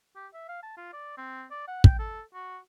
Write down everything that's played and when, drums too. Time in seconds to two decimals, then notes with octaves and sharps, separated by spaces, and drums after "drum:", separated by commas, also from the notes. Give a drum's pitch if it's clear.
0.16 G4
0.34 E5
0.48 F5
0.63 A5
0.77 F4
0.93 D5
1.18 C4
1.51 D5
1.68 F#5
1.84 G5, drum: kick
1.99 A4
2.34 F#4